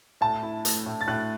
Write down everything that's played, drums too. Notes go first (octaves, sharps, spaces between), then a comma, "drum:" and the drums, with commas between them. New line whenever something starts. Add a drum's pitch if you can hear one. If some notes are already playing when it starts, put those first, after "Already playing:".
A2 A5
E4
A3, drum: hi-hat
A2
A6
A2 F#6